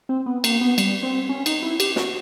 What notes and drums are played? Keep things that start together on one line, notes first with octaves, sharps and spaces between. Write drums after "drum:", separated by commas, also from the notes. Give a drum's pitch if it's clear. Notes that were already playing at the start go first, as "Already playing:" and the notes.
C4
B3
A#3, drum: cymbal
B3
G3, drum: cymbal
C4
C#4
D#4, drum: cymbal
E4
G4, drum: cymbal
F#4, drum: snare